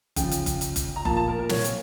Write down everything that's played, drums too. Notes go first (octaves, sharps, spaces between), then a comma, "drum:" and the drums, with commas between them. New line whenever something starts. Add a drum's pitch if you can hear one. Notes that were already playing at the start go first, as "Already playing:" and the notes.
C#3 F3 G5, drum: kick F#1, hi-hat
drum: hi-hat
drum: kick F#1, hi-hat
drum: hi-hat
drum: kick F#1, hi-hat
A#5
A#2 F3 A5, drum: kick F#1
A5
A#4
A#4
C#5, drum: snare
drum: hi-hat